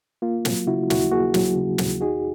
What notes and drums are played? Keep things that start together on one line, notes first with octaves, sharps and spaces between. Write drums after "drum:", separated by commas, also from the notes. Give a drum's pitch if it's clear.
A#3 F4
F#3, drum: snare
C#3 E4 F#4
D#2 E4 F#4, drum: snare
A#3 F#4 G#4
F#3, drum: snare
C#3
D#2, drum: snare
D#4 F#4 G#4